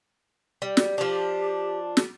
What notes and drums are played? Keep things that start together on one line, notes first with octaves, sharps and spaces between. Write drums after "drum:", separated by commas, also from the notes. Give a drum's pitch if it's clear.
G3
drum: snare
F3 D4 G4
drum: snare